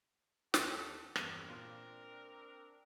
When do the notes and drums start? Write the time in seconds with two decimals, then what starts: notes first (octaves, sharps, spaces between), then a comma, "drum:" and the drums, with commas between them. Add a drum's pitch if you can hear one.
0.54 D#2 F#4 G4 A4 C6 D#6, drum: snare
1.16 E2 G2 C4 D4 A#4, drum: rim click
1.48 A#2 F4